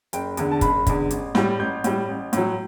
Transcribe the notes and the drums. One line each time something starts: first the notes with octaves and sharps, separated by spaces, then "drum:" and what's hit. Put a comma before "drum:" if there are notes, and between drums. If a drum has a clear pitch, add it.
F#1 G5, drum: hi-hat
E2 D3, drum: hi-hat
A5
F#1 B5, drum: kick, hi-hat
E2 D3, drum: kick, hi-hat
A1, drum: hi-hat
A2 G3, drum: snare
A1 G6
A2 G3, drum: hi-hat
A1
A2 F#3, drum: hi-hat